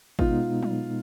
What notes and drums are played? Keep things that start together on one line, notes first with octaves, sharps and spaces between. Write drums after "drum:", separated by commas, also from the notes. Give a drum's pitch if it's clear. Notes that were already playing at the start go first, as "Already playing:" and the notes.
B2 G#3 B3 D#4 F4, drum: kick G#1
drum: tom F#3